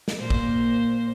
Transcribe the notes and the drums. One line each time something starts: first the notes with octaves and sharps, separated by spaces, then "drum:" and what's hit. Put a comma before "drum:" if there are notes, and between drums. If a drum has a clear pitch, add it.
drum: snare
A#2 A#3 C5
drum: kick